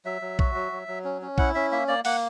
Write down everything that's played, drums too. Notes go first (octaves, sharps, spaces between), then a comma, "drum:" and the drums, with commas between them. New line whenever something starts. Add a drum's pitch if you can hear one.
F#3 E5
F#3
F#4, drum: kick A#1
F#3
F#3
F#3
C#4
C#4
E4 F#5, drum: kick A#1
C#4 E5
A#3 E5
A#3 D5
A#3 F#5, drum: open hi-hat